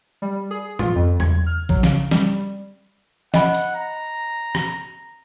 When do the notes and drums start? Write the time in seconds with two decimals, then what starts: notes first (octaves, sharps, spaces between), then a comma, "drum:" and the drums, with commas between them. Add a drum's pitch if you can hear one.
0.22 G3
0.51 G#4
0.79 F4, drum: tom G#2
0.95 F2
1.20 G#6, drum: tom E2
1.46 F6
1.69 F#3, drum: kick A#1
1.83 C#3, drum: snare
2.11 G3, drum: snare
3.34 D#5 F#5 B5, drum: snare
3.54 drum: hi-hat
3.75 A#5
4.55 drum: rim click